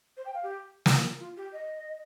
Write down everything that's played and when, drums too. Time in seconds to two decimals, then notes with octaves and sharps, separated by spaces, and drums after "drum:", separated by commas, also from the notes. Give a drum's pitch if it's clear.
0.17 C5
0.25 G5
0.34 F5
0.43 G4
0.86 F4, drum: snare
1.19 F4
1.37 G4
1.53 D#5